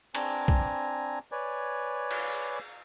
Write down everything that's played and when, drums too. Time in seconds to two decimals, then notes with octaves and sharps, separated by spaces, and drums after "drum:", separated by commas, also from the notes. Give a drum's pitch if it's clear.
0.15 C4 D4 G#5 A#5, drum: cymbal
0.48 drum: kick
1.32 B4 C#5 D5 G#5
2.11 drum: cymbal